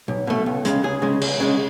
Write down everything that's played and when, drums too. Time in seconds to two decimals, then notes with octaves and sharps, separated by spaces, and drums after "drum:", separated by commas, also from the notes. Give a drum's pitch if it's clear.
0.08 B1
0.27 B2 A3
0.46 C#2
0.65 C#3 G#3, drum: hi-hat
0.83 C#2 G#4
1.02 C#3 G#3
1.21 C#2, drum: cymbal
1.40 C#3 G#3